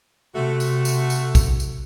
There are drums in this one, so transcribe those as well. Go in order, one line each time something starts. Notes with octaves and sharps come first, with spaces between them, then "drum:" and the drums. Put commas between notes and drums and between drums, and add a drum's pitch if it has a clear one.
C3 A3 F#4
drum: tambourine
drum: tambourine
drum: tambourine
drum: kick, tambourine
drum: tambourine